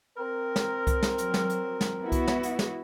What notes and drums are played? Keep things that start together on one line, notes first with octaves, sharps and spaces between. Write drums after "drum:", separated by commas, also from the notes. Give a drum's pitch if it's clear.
C4 A#4
drum: snare
drum: kick C2, hi-hat
drum: snare
F#3, drum: hi-hat
drum: snare
drum: hi-hat
drum: snare
B3 E4 F#4
drum: kick C2, hi-hat
drum: snare
drum: hi-hat
drum: snare